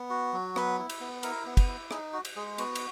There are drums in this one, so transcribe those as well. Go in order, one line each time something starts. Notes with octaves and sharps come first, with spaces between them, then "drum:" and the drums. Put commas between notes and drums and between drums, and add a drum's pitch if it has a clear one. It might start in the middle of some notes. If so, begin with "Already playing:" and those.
Already playing: B3
F#4
F#3
B3 B4, drum: rim click
E4
drum: cymbal
B3
E4 A#4, drum: cymbal
B3
drum: kick, cymbal
E4
D#4 G#4, drum: rim click
F#4
drum: cymbal
G#3 G#4
B3 F#4, drum: cymbal
drum: cymbal